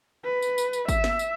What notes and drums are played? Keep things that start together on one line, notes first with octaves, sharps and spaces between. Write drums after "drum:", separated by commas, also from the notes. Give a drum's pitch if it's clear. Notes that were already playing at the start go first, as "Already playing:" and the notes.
B4
drum: tambourine
drum: tambourine
drum: tambourine
E5, drum: kick, tambourine
drum: snare
drum: tambourine